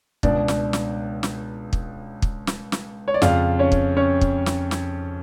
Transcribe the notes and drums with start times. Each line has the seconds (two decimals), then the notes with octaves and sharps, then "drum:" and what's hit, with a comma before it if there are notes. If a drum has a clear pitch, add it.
0.23 C#2 B2 D4 D5, drum: kick
0.48 drum: snare
0.73 drum: snare
1.23 drum: snare
1.73 drum: kick
2.22 drum: kick
2.47 drum: snare
2.72 drum: snare
3.08 C#5
3.14 D5
3.22 F2 C#3 F4 F5, drum: snare
3.59 C#4 C#5
3.72 drum: kick
3.97 C#4 C#5
4.21 drum: kick
4.46 drum: snare
4.71 drum: snare